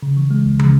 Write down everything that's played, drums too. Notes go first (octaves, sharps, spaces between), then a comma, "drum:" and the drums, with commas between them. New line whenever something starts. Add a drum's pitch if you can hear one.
C#3
E3
G#3
C#2
C#3, drum: tom